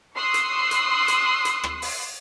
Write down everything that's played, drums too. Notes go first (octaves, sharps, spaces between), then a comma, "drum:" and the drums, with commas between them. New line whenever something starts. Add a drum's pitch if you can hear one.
C6 C#6 D#6 E6 F#6 C7
drum: hi-hat
drum: hi-hat
drum: hi-hat
drum: hi-hat
drum: rim click
drum: open hi-hat